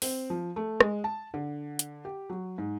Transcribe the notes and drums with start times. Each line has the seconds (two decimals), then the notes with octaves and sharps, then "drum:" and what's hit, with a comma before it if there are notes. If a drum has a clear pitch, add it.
0.02 C4, drum: open hi-hat
0.30 F3
0.56 A3
0.81 G#3, drum: rim click
1.04 A5
1.34 D3
1.79 drum: hi-hat
2.05 G4
2.30 F#3
2.58 G#2